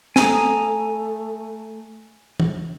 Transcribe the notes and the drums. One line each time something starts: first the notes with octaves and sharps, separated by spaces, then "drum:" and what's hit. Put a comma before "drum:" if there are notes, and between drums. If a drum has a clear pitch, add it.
A3 G#5 A#5 D#6, drum: snare
drum: tom